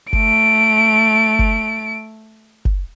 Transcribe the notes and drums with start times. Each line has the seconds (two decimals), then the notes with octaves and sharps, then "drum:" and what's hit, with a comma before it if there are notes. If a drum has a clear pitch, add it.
0.13 A3 D7, drum: kick F#1
1.39 drum: kick F#1
2.65 drum: kick F#1